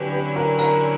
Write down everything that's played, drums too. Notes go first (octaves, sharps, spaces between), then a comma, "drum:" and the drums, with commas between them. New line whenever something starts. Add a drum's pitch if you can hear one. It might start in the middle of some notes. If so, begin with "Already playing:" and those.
Already playing: D3 F#3 C#4 E4 G4 B4
G4 B4
F#4 A#4
F#4 A#4, drum: tambourine